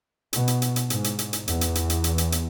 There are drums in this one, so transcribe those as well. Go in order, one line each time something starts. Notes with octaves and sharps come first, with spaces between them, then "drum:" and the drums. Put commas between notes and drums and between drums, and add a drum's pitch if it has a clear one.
B2, drum: hi-hat
drum: hi-hat
drum: hi-hat
drum: hi-hat
G#2, drum: hi-hat
drum: hi-hat
drum: hi-hat
drum: hi-hat
E2, drum: hi-hat
drum: hi-hat
drum: hi-hat
drum: hi-hat
drum: hi-hat
drum: hi-hat
drum: hi-hat